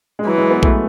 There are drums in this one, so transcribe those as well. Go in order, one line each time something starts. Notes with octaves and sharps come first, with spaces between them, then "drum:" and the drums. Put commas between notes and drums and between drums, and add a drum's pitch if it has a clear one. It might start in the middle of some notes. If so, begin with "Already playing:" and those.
G#3
E3 F#3
G#3
B3
A3, drum: kick A#1